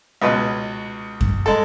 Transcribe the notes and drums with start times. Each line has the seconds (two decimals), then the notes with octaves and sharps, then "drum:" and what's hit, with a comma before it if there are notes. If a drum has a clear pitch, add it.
0.22 C#2 B2 G#3 B4
1.21 drum: kick F#2
1.46 G#3 A4